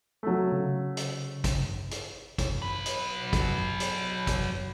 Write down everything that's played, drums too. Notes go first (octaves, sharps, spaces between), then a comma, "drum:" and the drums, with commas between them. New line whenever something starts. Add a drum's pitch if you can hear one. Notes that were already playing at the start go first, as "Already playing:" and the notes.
F#3 A3
C#3
drum: hi-hat
drum: kick, hi-hat
drum: hi-hat
drum: kick, hi-hat
F#3 B4
drum: hi-hat
drum: kick, hi-hat
drum: hi-hat
drum: kick, hi-hat